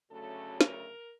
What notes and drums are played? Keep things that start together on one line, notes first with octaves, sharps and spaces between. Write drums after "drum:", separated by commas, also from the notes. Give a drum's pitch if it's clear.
D2 C#3 F#3 A3 C#4 A4
A#4, drum: snare